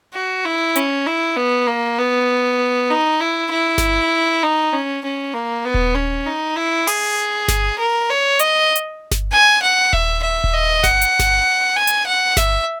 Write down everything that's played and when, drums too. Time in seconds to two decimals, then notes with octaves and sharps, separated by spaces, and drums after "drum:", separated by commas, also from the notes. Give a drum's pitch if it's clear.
0.14 F#4
0.45 E4
0.76 C#4, drum: hi-hat
1.06 E4
1.36 B3
1.67 A#3
1.98 B3
2.90 D#4
3.20 E4
3.51 E4
3.78 drum: snare G1
4.43 D#4
4.73 C#4
5.04 C#4
5.34 A#3
5.65 B3
5.74 drum: kick D#1
5.95 C#4
6.26 D#4
6.56 E4
6.87 G#4, drum: open hi-hat
7.48 drum: snare G1
7.79 A#4
8.10 C#5
8.39 D#5, drum: hi-hat
8.76 drum: hi-hat
9.11 drum: snare G1
9.32 G#5
9.62 F#5
9.93 E5, drum: kick D#1
10.23 E5
10.44 drum: kick D#1
10.54 D#5
10.84 F#5, drum: snare G1
11.02 drum: hi-hat
11.19 drum: snare G1
11.76 G#5
11.87 drum: hi-hat
12.06 F#5
12.37 E5, drum: snare G1